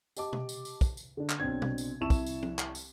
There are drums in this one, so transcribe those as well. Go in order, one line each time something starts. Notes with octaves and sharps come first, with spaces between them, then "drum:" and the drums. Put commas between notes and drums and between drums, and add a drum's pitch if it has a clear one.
G4 D#5 A5 D6, drum: tambourine
drum: tom B2
drum: tambourine
drum: tambourine
drum: kick, tambourine
drum: tambourine
D3 D4
drum: clap
B1 B2 C4 D4 G#6
drum: tom B2
drum: tambourine
C2 E4 A5 C#6 E6 E7
drum: kick, tambourine
drum: tambourine
drum: tom
drum: clap
drum: tambourine